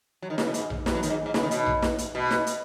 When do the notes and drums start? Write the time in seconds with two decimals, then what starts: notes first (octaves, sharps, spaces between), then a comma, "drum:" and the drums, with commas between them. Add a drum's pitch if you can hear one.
0.22 F#3
0.30 D#3
0.38 C#3, drum: snare
0.46 B2
0.54 G#2, drum: hi-hat
0.70 drum: tom A#1
0.86 B2, drum: snare
0.94 F#3
1.03 D#3, drum: hi-hat
1.10 G#2
1.26 G#2
1.34 C#3, drum: snare
1.43 D#3
1.51 B2, drum: hi-hat
1.66 drum: tom A#1
1.82 drum: snare
1.98 drum: hi-hat
2.15 B2
2.31 drum: snare
2.47 drum: hi-hat